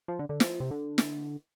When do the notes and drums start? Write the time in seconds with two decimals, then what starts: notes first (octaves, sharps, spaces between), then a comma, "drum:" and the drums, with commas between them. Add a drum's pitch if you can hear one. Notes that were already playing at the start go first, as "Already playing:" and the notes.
0.08 F3
0.19 D3
0.29 D3
0.40 F3, drum: snare
0.60 C3
0.71 D3
0.98 drum: snare